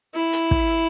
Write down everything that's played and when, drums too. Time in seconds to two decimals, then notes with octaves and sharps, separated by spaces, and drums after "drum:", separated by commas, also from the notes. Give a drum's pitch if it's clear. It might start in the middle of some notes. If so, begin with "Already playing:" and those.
0.15 E4
0.33 drum: hi-hat
0.51 drum: kick